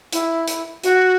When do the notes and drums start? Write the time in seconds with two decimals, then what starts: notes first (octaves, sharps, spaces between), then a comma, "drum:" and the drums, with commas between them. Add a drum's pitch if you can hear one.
0.13 E4, drum: hi-hat
0.47 drum: hi-hat
0.84 F#4, drum: hi-hat